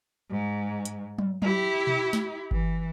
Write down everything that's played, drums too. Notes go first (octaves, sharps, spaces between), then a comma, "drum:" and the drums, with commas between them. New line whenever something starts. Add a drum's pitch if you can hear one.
G#2
drum: hi-hat
drum: tom F#3
E4 G4, drum: tom F#3
drum: tom B2
drum: snare
E3, drum: kick G1